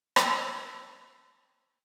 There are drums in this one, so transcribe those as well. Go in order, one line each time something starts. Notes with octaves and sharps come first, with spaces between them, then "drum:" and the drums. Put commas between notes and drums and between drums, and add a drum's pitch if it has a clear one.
G5 E6, drum: rim click